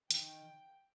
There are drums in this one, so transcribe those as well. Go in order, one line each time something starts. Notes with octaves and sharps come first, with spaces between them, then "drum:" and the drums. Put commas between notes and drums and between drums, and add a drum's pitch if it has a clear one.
D#3 G5, drum: hi-hat